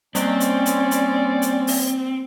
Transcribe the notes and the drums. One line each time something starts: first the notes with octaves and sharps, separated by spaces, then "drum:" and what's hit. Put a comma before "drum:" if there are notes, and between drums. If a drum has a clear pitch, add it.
G3 A#3 C4 C#4 D5, drum: hi-hat
drum: hi-hat
drum: hi-hat
drum: hi-hat
drum: hi-hat
drum: open hi-hat